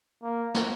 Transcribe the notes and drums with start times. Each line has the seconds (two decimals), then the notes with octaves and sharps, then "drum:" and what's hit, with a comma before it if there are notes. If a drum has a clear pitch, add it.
0.23 A#3
0.54 drum: snare